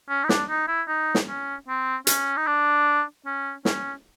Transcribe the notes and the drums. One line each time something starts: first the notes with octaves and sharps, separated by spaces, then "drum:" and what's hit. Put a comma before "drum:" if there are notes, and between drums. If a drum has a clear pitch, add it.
C#4
D#4
D4, drum: snare
D#4
E4
D#4
drum: snare
C#4
C4
C#4, drum: hi-hat
D#4
D4
C#4
C#4, drum: snare